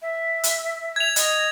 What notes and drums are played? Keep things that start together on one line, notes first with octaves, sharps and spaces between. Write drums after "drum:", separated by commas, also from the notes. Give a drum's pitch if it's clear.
E5
drum: hi-hat
G#6 F7
D#5, drum: hi-hat